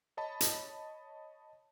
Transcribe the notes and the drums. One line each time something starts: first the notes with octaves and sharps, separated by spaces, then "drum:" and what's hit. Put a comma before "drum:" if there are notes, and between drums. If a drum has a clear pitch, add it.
C#5 D#5 A5 B5
drum: hi-hat